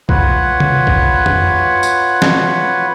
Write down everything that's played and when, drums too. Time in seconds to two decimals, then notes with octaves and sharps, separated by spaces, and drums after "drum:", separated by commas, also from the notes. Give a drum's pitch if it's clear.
0.09 F4 B4 C#5 F#5, drum: kick B1
0.60 drum: tom
0.87 drum: kick B1
1.26 drum: tom F2
1.83 drum: tambourine
2.22 drum: snare